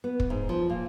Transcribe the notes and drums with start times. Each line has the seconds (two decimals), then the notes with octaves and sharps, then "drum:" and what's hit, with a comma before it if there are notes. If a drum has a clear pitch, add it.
0.04 B3
0.20 drum: kick
0.30 G#2
0.49 F3
0.70 A#2